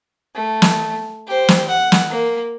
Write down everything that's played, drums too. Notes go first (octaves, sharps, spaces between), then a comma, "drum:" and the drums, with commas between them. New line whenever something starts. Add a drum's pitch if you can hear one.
A3
drum: snare
G4 C5
drum: snare
F#5
drum: snare
A#3